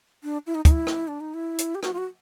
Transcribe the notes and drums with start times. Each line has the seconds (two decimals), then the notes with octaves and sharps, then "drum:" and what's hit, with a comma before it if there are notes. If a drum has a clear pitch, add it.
0.23 D4
0.46 E4
0.55 D#4
0.65 D#4, drum: kick, hi-hat
0.71 E4
0.87 drum: rim click
1.08 D4
1.20 D#4
1.34 E4
1.58 drum: hi-hat
1.75 G4
1.83 F#4, drum: rim click
1.93 F4
1.98 F#4